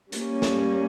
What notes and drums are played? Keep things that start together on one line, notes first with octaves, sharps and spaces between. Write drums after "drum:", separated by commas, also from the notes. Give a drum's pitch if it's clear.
G3 A#3 C#4, drum: hi-hat
drum: snare